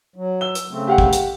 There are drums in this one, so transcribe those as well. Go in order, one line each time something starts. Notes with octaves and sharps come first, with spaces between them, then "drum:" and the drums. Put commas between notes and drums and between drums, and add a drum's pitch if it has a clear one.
F#3
E6 G7
drum: hi-hat
C#3 A3 C4
G4 F5 F#5
drum: kick
drum: hi-hat